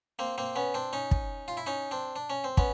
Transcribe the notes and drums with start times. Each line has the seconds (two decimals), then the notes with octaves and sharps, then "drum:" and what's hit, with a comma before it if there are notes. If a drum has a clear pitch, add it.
0.19 A#3 C4
0.38 A#3 C4
0.56 B3 C#4
0.74 C4 D4
0.93 C#4 D#4
1.11 drum: kick
1.48 F4
1.57 E4
1.66 C#4 D#4
1.91 C4 D4
2.16 D4
2.30 C#4
2.44 C4
2.57 B3 C#4, drum: kick